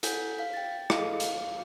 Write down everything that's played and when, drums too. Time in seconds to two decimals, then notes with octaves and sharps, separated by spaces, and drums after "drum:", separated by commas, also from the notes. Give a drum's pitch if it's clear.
0.03 E4 A4 F#5 G#5 G6 B6, drum: hi-hat
0.39 F5 B6
0.54 G5 A6
0.90 E4 G#4 A4 D#5 F5, drum: rim click
1.20 F5, drum: hi-hat